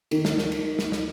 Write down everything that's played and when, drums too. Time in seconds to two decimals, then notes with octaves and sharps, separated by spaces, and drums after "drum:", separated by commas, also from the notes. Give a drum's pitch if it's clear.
0.11 D#3, drum: cymbal
0.25 drum: snare
0.38 drum: snare
0.52 drum: cymbal
0.79 drum: snare
0.92 drum: snare